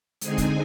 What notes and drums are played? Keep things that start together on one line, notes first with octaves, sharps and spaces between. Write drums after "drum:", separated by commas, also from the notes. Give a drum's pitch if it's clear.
D3 G#3 C4 D#4 G#4 G#5, drum: hi-hat
drum: kick, hi-hat